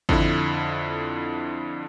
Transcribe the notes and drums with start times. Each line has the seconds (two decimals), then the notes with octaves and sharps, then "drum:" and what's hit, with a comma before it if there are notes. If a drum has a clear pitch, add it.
0.09 F2 D3 E4, drum: kick G#1